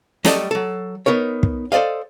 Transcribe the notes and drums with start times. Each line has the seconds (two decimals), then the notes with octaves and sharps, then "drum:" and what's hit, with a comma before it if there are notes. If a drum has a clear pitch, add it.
0.25 F#3 G3 A3 A4 D5 D#5, drum: snare
0.51 F#3 A4
1.06 B3 D#4 A#4 C#5
1.43 drum: kick
1.72 A4 C5 D5 D#5 F5